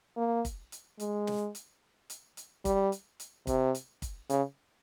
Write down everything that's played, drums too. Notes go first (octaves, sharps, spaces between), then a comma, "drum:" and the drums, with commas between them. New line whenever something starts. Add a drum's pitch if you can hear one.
A#3
drum: kick, hi-hat
drum: hi-hat
G#3, drum: hi-hat
drum: snare
drum: hi-hat
drum: hi-hat
drum: hi-hat
G3, drum: kick, hi-hat
drum: hi-hat
drum: hi-hat
C3, drum: kick, hi-hat
drum: hi-hat
drum: kick, hi-hat
C#3, drum: hi-hat